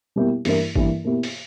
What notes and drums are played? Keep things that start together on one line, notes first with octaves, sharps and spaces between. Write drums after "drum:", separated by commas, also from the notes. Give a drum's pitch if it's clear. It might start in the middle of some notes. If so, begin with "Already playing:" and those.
B2 G3 A#3 E4 G4
G2 E3 A#3 E4 A#4, drum: open hi-hat
G2 E3 A#3 E4 A#4, drum: kick G#1
B2 A#3 E4 G4
drum: open hi-hat